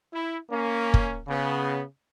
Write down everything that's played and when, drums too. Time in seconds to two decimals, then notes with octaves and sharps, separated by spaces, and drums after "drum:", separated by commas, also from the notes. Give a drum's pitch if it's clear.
0.13 E4
0.50 A#3 C#4
0.94 drum: kick
1.28 C#3 B3